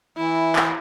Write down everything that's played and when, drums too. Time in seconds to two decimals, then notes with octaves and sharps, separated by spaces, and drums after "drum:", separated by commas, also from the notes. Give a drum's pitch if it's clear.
0.18 E3 E4
0.56 drum: clap